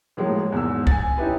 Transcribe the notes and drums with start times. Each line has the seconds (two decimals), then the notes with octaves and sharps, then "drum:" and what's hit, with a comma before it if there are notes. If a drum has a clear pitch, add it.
0.17 A2 F3 F#3 G#3 A#3
0.52 E2 G#2 E6
0.87 G#5 A6, drum: kick C2
1.18 C#4 D#4 E4 G4 B4